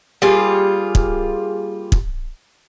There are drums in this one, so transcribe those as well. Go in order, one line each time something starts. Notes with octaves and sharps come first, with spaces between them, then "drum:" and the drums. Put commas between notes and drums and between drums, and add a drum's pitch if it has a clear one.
G3 A#3 F4 G#4
drum: kick
drum: kick